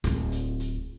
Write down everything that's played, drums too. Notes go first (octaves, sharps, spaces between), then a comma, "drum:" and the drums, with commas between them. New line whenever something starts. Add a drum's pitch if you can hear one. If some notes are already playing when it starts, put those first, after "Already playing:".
D1 F4, drum: kick F1, hi-hat
drum: hi-hat
drum: hi-hat